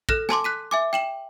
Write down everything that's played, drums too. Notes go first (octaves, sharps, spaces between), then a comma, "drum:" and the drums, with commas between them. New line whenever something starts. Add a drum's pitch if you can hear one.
A4 F6 F#6 A#6, drum: kick
G#5 A5 C6 D6, drum: snare
F#6 B6 D#7
E5 G#5 D6
G5 E7 F#7